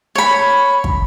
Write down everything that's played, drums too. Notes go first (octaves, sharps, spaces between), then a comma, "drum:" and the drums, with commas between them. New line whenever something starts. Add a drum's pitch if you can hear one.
C#5 B5
drum: kick